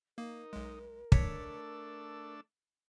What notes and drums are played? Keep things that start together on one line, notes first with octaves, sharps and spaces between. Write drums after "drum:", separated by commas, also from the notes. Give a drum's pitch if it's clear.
A#3 D#4 A#4
B1 G#3
A3 D4 C#5 E6 B6 C#7, drum: kick